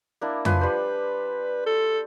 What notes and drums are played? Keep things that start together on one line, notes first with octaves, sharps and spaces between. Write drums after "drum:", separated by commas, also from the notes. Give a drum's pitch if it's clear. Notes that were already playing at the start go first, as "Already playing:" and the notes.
A#3 D4 E4
F3 B4 G#5, drum: tom F2
G3 B4 C5
A4